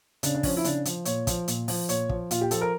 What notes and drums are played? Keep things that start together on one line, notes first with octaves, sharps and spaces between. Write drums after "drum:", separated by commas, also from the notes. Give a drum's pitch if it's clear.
C#3 D4, drum: hi-hat
D4
F3 C#4, drum: kick, open hi-hat
E4
C#3 D4, drum: hi-hat
F3, drum: hi-hat
A#2 C#5, drum: hi-hat
F3, drum: kick, hi-hat
A#2, drum: hi-hat
F3, drum: open hi-hat
A#2 C#5, drum: hi-hat
F3, drum: kick
A#2 F4, drum: hi-hat
G4
F3 A4, drum: hi-hat
A#4